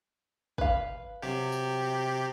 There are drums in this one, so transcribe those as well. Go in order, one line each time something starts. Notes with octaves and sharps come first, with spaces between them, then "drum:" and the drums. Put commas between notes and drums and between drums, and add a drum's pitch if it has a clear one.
B4 F5, drum: kick
C3 F#3 G4
drum: tambourine